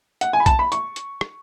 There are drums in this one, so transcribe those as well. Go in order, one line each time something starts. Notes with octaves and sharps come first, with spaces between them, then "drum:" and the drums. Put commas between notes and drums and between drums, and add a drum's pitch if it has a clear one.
F#5, drum: hi-hat
G#5
B5
A5, drum: kick B1, hi-hat
B5
C#6, drum: hi-hat
drum: hi-hat
drum: rim click